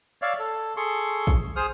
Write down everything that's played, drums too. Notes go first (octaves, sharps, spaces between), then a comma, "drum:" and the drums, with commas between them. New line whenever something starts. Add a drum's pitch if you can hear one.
C#5 D5 E5 F5
A4
G#4 A4 C6 C#6
drum: kick
G#4 C5 D#6 F6